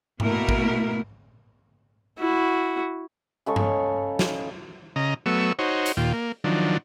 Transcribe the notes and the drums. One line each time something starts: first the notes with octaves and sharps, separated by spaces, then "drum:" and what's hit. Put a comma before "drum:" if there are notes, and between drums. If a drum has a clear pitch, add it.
B2 A3 A#3 E4 A#4, drum: tom G#2
drum: kick
E4 F#4
C#3 G#3 A4 C#6
drum: tom G2
drum: snare
C#3 D#5 A#5
F#3 A3 B3 C#6 E6
D#4 F#4 C5 C#5
drum: hi-hat
D#2 A#2 F4 G5
A#3
D#3 F3 F#3 D4